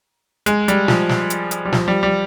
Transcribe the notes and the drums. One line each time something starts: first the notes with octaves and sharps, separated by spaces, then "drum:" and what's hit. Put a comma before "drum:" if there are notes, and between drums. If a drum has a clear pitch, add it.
G#3, drum: hi-hat
G3, drum: hi-hat
F3, drum: snare
drum: snare
drum: hi-hat
drum: hi-hat
G3
F3, drum: snare
G3
G3